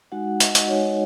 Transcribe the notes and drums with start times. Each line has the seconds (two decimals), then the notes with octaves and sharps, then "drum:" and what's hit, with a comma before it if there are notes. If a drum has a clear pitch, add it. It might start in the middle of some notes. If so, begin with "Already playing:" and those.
0.12 G#3 D#4 F#4 F#5
0.40 D#5, drum: hi-hat
0.55 drum: hi-hat
0.68 G#3 D#4 F#4 C#5